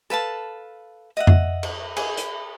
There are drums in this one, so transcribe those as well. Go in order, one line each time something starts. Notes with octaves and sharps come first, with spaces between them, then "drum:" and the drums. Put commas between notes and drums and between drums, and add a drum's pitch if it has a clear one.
A4 B4 F5 A5
D#5 E5 F#5
drum: tom F2
drum: cymbal
G#4, drum: cymbal
drum: hi-hat